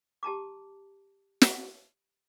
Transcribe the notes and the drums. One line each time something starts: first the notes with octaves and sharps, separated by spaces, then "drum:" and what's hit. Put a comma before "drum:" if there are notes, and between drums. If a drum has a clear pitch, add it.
G4 A5 A#5 D6
drum: snare